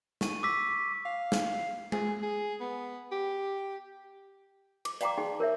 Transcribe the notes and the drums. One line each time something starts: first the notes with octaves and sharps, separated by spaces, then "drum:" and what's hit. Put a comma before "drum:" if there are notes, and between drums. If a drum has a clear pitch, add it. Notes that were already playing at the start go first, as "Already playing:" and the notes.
C#6 D#7, drum: snare
D6 E6 B6
F5
drum: snare
G#4, drum: tom G#3
G#4
B3
G4
D6, drum: cymbal
D5 F5 G5 A#5 C6 D6, drum: hi-hat
D#4 G#4 G5 C6
A#4 C#5 E5